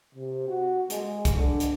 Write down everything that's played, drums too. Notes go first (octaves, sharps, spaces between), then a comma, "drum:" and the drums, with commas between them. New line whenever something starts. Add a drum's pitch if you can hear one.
C3
F#4
G#3, drum: hi-hat
drum: kick C2, hi-hat
D3
drum: hi-hat